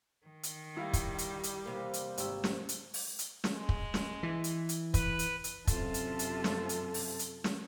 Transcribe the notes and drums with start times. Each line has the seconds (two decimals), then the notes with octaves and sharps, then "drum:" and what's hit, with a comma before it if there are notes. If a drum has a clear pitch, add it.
0.26 D#3
0.43 drum: hi-hat
0.77 G3 E4 F5
0.93 drum: kick, hi-hat
1.18 drum: hi-hat
1.43 drum: hi-hat
1.65 E2 C3 A#3
1.94 drum: hi-hat
2.18 G#1 G4 E6, drum: hi-hat
2.44 drum: snare
2.69 drum: hi-hat
2.94 drum: open hi-hat
3.19 drum: hi-hat
3.44 drum: snare
3.54 G#3
3.69 drum: kick
3.94 drum: snare
4.23 E3
4.44 drum: hi-hat
4.69 drum: hi-hat
4.94 B4, drum: kick, hi-hat
5.19 drum: hi-hat
5.44 drum: hi-hat
5.67 F#2 C3 F4 A4 A5, drum: kick, hi-hat
5.94 drum: hi-hat
6.19 drum: hi-hat
6.44 drum: snare
6.69 drum: hi-hat
6.94 drum: open hi-hat
7.19 drum: hi-hat
7.44 drum: snare